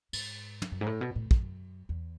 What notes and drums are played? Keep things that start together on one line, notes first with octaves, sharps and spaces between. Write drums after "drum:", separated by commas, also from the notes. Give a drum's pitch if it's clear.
G#2, drum: cymbal
drum: tom
F#2
G#2
A2
B2
A2
F#2, drum: kick
E2